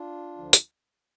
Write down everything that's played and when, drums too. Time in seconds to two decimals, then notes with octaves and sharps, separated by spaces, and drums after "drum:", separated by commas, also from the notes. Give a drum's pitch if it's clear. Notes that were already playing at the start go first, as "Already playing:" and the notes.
Already playing: D4 F4
0.38 D2 D3 F3
0.53 drum: hi-hat